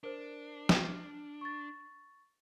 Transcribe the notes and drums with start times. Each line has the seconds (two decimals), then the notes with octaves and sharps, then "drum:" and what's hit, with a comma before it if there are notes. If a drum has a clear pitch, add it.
0.03 D4 A#4 C5
0.69 F6, drum: snare
1.41 C#6 A6